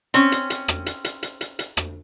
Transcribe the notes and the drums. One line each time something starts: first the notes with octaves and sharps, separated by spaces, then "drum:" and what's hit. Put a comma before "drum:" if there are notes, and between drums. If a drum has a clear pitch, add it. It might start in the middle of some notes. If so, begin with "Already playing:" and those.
C4 C#4, drum: hi-hat
drum: hi-hat
drum: hi-hat
drum: rim click
drum: hi-hat
drum: hi-hat
drum: hi-hat
drum: hi-hat
drum: hi-hat
drum: rim click